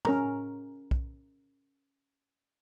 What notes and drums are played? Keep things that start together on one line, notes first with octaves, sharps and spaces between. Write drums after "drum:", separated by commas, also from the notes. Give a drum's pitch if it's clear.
C#4 A#4 A#5, drum: tom
drum: kick B1